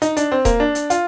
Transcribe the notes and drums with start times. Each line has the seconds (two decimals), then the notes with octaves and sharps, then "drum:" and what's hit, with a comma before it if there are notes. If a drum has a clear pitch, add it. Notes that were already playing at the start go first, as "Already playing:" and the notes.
0.02 D#4, drum: hi-hat
0.17 D4, drum: hi-hat
0.32 C4
0.45 A#3, drum: kick D#1, hi-hat
0.60 D4
0.75 drum: hi-hat
0.90 F4, drum: hi-hat